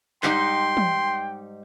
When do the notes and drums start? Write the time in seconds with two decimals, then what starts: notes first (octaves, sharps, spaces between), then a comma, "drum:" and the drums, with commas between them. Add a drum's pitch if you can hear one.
0.23 G#2 G3 D#4 G5 C6, drum: clap
0.77 drum: tom